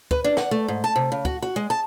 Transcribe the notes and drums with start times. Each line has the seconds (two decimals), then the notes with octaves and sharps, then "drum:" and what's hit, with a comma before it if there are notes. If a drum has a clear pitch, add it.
0.11 B4, drum: kick
0.24 D4
0.37 F#5, drum: snare
0.51 A3
0.68 G#2
0.84 A5
0.96 C3
1.12 C#3
1.25 F#4, drum: kick
1.42 F#4
1.56 G#3
1.70 A5